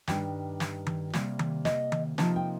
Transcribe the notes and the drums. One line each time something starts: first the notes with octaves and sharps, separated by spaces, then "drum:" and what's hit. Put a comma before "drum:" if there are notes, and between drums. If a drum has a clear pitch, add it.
G2 D#3 G3 D4 G5, drum: snare
drum: snare
drum: tom D#3
C3 G3 A#3, drum: snare
drum: tom D#3
D#5, drum: snare
drum: tom D#3
C3 F3 A#3 D#4 A5, drum: snare
G5